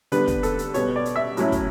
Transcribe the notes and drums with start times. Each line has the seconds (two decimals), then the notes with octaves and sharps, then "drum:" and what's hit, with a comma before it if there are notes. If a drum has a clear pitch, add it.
0.12 D3 G3 B3 D4 B4, drum: hi-hat
0.27 drum: kick, hi-hat
0.43 A4, drum: hi-hat
0.59 drum: hi-hat
0.74 B2 G3 B3 C#5, drum: hi-hat
0.96 D5
1.05 drum: hi-hat
1.16 E5
1.37 A2 F#3 C#4 E4, drum: hi-hat
1.52 drum: kick, hi-hat